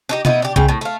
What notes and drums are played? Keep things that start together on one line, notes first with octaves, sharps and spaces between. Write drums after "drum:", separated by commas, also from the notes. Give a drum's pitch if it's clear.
D4 D#4 G4
B3 D#4 E4, drum: tom B2
D4 G4
C#3 G5, drum: kick
A2
A3 F5